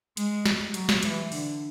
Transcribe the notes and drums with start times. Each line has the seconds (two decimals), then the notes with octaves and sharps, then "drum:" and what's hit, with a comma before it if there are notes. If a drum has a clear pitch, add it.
0.17 G#3, drum: hi-hat
0.46 drum: snare
0.74 F#3, drum: hi-hat
0.89 drum: snare
1.03 E3, drum: hi-hat
1.32 D3, drum: open hi-hat